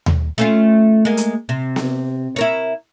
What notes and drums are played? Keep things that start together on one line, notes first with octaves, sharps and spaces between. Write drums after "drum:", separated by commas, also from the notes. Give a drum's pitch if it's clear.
drum: tom D#2
A3 C#4 F4
G#3 A#3
drum: hi-hat
C3
drum: snare B3
E4 A#4 C#5